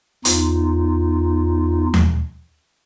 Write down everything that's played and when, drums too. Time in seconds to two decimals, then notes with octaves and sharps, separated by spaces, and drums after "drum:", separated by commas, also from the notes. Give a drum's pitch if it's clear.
0.25 E2 D#4 F4, drum: hi-hat
1.94 drum: tom D#2